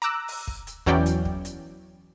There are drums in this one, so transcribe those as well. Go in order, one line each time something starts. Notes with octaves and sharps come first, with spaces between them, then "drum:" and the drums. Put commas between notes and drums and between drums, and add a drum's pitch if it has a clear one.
A#5 D6 E6 F#6
drum: open hi-hat
drum: kick
drum: hi-hat
E2 E3 F#3 C#4 D5 G5, drum: kick
drum: hi-hat
drum: kick
drum: hi-hat